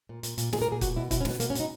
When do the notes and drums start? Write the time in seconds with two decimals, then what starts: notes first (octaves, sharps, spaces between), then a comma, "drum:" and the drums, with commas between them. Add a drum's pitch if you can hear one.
0.09 A#2
0.23 A#2, drum: hi-hat
0.38 A#2, drum: hi-hat
0.53 A#2 G#4, drum: snare
0.62 A#4
0.68 A#2 G#4
0.81 B2 F#4, drum: kick, hi-hat
0.96 B2 E4
1.11 B2 E4, drum: kick, hi-hat
1.21 C#4
1.25 B2, drum: snare
1.30 B3
1.40 B2 A#3, drum: hi-hat
1.50 C#4
1.55 B2 D#4, drum: hi-hat